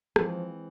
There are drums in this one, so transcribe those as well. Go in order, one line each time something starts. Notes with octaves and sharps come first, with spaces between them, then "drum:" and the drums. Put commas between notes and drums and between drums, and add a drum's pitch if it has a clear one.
E3 F3 G#3 C4, drum: rim click